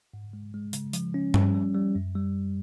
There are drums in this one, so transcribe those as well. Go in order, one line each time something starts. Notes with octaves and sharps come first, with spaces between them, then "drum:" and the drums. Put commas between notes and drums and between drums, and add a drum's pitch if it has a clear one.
G#2
G#3
G#3
C#3, drum: hi-hat
F3, drum: hi-hat
C#4
G3, drum: tom G2
G3
G3
F#2
G3